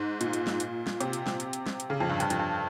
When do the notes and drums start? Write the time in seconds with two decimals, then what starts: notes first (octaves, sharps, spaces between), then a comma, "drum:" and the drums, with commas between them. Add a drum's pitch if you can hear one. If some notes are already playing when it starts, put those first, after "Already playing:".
Already playing: G#2
0.21 A#2, drum: hi-hat
0.33 drum: hi-hat
0.47 drum: snare
0.60 drum: hi-hat
0.87 drum: snare
1.01 C3, drum: hi-hat
1.13 drum: hi-hat
1.27 drum: snare
1.40 drum: hi-hat
1.53 drum: hi-hat
1.66 drum: snare
1.80 drum: hi-hat
1.90 C#3
2.00 F2
2.09 G2
2.20 G2, drum: hi-hat
2.30 F2, drum: hi-hat
2.39 G2